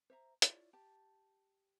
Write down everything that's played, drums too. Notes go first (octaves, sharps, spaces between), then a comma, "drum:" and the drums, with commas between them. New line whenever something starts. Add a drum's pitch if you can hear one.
C5 E5 A#5
E4 F4 C#5 D5, drum: hi-hat
G4 A5